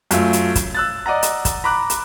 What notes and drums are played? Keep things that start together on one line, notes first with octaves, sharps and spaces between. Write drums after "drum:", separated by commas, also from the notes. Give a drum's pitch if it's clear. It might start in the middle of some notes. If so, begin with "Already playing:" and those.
F#2 A3 F4, drum: hi-hat
drum: hi-hat
drum: kick, hi-hat
E6 F#6 A6
D5 D#5 F#5 A#5
drum: hi-hat
drum: kick, hi-hat
A#5 B5 D6 F#6
drum: hi-hat